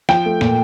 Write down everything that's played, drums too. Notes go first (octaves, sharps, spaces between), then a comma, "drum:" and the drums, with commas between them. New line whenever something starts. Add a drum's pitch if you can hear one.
F3 G5, drum: snare
A3
A#2, drum: snare